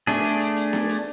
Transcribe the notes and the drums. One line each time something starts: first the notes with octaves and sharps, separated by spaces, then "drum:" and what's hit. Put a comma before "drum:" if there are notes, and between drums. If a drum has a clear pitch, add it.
A3 D4 G#4, drum: snare B3
drum: hi-hat
drum: hi-hat
drum: hi-hat
drum: snare B3
drum: hi-hat